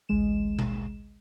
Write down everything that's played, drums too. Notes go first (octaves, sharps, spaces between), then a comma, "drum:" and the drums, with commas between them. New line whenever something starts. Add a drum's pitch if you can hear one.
A1 D2 G#3 E7
drum: tom B2